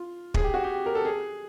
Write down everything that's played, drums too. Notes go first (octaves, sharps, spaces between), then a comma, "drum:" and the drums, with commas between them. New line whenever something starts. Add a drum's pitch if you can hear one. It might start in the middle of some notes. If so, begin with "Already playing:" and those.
Already playing: F4
G#4, drum: kick
G4
F#4
G4
A#4
A4
G#4